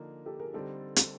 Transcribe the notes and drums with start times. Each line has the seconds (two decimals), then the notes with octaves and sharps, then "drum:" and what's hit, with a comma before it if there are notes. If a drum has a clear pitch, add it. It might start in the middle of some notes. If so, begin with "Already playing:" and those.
Already playing: D3 F3 A#3 D#4
0.26 G4 A4
0.40 G#4 A#4
0.53 D3 G3 C4 D#4 G4 A4
0.96 drum: hi-hat